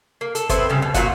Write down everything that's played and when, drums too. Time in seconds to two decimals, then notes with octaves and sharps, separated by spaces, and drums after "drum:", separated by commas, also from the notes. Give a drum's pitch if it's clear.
0.21 A#3
0.35 A4, drum: hi-hat
0.49 B3 C4 E4 C5, drum: kick, hi-hat
0.70 C#3 G3
0.82 B2
0.94 A#2 F4 F#4, drum: kick, hi-hat